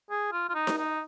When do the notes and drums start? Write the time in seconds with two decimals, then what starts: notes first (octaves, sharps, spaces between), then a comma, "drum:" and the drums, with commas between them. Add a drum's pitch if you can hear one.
0.10 G#4
0.33 F4
0.49 F4
0.55 D#4
0.67 drum: snare D#4
0.78 D#4